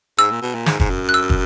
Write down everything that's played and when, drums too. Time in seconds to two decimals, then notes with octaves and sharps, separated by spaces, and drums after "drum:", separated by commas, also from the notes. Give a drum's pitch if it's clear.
0.18 G#2 E6
0.31 A#2
0.42 B2
0.55 A#2
0.66 G#2, drum: snare
0.80 G#2, drum: kick
0.90 F#2
1.09 F#6
1.14 E6
1.30 drum: kick